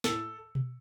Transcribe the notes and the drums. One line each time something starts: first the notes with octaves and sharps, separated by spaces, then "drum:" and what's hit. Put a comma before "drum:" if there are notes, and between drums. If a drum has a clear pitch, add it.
A2 A4, drum: snare
drum: tom B2